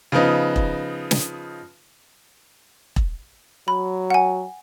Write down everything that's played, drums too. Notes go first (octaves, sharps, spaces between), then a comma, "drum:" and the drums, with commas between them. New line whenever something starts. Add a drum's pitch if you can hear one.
C#3 F3 B3 D#4
drum: kick E1
drum: snare
drum: kick E1
F#3 B5
F#5 G#5